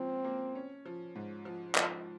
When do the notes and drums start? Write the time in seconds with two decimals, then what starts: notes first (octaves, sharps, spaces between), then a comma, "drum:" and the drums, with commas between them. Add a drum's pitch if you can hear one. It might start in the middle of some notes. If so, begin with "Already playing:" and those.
Already playing: G#2 F3 A#3 C4 C#4
0.24 A#3
0.55 C#4
0.85 F3
1.15 G#2
1.45 F3
1.75 F3, drum: clap